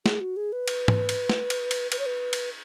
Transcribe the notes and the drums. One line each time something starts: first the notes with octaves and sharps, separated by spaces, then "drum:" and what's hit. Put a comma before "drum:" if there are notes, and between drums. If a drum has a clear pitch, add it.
G#4, drum: snare
F#4
G#4
B4
drum: cymbal
drum: tom
drum: cymbal
drum: snare
drum: cymbal
drum: cymbal
B4, drum: cymbal
C#5
B4
drum: cymbal